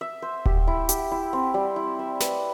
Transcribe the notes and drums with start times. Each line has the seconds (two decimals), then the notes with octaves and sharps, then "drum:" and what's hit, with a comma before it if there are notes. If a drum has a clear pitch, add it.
0.01 E5
0.22 C5
0.46 G4, drum: kick D#1
0.67 E4
0.89 G4, drum: hi-hat
1.11 E4
1.33 C4
1.54 G3
1.76 E4
1.99 E5
2.20 B4, drum: snare